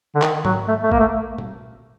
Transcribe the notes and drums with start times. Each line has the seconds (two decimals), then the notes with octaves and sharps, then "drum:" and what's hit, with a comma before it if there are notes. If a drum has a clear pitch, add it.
0.15 D3
0.22 D#3, drum: clap
0.45 F#3, drum: tom G#2
0.68 A3
0.83 A3
0.92 A#3, drum: kick
1.00 A3
1.38 drum: tom